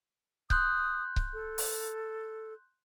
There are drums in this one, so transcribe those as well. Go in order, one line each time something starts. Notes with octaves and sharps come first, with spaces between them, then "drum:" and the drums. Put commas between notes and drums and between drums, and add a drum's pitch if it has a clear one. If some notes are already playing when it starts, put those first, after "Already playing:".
C6 D#6 F#6 G6, drum: kick C#1
drum: kick C#1
A4
drum: open hi-hat